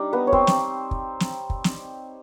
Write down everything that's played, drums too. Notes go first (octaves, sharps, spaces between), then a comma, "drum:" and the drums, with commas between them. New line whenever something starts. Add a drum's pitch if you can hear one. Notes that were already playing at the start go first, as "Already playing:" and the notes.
Already playing: G3 D4 D#4 D5
B3 B4
C#5
C4 C5, drum: kick
drum: snare
drum: kick
drum: snare
drum: kick
drum: snare